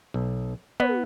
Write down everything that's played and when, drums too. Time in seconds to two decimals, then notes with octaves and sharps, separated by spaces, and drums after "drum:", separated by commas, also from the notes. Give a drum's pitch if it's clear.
0.14 B1
0.80 B3, drum: tom